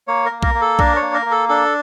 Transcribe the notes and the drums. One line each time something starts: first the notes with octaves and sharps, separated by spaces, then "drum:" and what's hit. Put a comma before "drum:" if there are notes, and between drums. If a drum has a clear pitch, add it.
A#3 C#5
A#4
A#3
A#4, drum: kick B1
A#3
A4
D4 A#4, drum: kick B1
C#5
A#3
A#4
A#3
A4
D4 A4